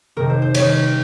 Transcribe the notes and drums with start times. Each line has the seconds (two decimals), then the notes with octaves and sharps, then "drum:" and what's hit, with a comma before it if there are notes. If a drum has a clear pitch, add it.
0.16 F2 C3 D#3 A#4
0.30 C5
0.42 C5
0.55 D#3 G3 C#4 G#4 C#5, drum: cymbal